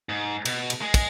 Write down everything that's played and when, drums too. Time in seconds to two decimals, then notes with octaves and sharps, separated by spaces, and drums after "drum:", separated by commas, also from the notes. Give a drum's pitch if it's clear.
0.09 G#2
0.45 B2, drum: cymbal
0.70 drum: cymbal
0.82 G#3
0.94 drum: kick, cymbal